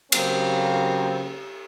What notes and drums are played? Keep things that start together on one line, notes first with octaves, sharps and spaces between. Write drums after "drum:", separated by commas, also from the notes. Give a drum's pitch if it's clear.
C#3 F#3 A#3 C4, drum: cymbal